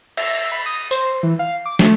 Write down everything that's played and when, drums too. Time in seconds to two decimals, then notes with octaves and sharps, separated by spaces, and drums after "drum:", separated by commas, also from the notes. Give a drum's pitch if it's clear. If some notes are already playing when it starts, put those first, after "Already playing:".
0.17 E5, drum: cymbal
0.52 B5
0.66 D#6
0.91 C5, drum: tambourine
1.23 E3
1.39 F5
1.66 D6
1.79 A3, drum: snare